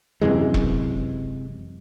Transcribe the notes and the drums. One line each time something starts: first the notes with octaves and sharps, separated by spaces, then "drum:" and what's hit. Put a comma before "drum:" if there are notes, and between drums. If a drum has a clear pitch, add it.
F#2 C3 E3 G#3
drum: kick E1